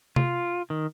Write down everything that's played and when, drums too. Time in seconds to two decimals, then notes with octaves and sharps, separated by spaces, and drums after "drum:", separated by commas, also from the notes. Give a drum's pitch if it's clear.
0.16 F4, drum: tom C3
0.70 D#3